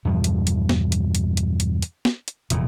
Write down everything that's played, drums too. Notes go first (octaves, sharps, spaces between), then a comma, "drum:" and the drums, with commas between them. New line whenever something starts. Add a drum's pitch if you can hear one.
E2 G2 B2 F3
drum: hi-hat
drum: hi-hat
drum: snare
drum: hi-hat
drum: hi-hat
drum: hi-hat
drum: hi-hat
drum: hi-hat
drum: snare
drum: hi-hat
F1 E2 A#2, drum: hi-hat